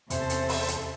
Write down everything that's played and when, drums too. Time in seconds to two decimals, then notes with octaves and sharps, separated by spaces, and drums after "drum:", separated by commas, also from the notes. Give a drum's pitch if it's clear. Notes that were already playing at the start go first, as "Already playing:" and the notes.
0.10 E2 C3 C#4 A4 C5 E5, drum: hi-hat
0.30 drum: hi-hat
0.49 drum: open hi-hat
0.68 drum: hi-hat